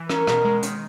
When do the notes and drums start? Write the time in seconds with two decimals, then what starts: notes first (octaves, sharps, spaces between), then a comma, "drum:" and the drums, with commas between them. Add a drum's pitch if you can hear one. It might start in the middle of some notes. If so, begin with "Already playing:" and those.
Already playing: E3
0.09 C#4 A#4, drum: rim click
0.27 B2, drum: rim click
0.45 G#3
0.63 D#3, drum: hi-hat